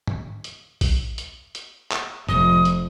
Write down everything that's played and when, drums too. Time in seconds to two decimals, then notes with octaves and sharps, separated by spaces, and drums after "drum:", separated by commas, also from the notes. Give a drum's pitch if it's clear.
0.07 drum: tom
0.44 drum: hi-hat
0.81 drum: kick A#1, open hi-hat
1.18 drum: hi-hat
1.55 drum: hi-hat
1.92 drum: clap
2.29 F1 F3 D#6, drum: tom
2.65 drum: hi-hat